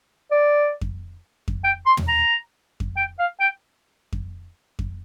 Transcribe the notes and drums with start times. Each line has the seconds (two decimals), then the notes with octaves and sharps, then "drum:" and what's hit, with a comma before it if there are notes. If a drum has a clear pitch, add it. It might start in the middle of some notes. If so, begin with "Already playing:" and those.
0.31 D5
0.81 drum: kick F2
1.48 drum: kick F2
1.64 G5
1.86 C6
1.97 drum: tom
2.08 A#5
2.80 drum: kick F2
2.97 G5
3.19 F5
3.40 G5
4.13 drum: kick F2
4.79 drum: kick F2